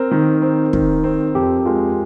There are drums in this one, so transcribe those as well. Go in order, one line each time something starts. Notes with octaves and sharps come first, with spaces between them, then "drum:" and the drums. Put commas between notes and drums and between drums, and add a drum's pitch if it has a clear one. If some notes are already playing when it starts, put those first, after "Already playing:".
Already playing: C4 A#4
D#3
C4
D#3, drum: kick
C4
F2 G4
G#3 F4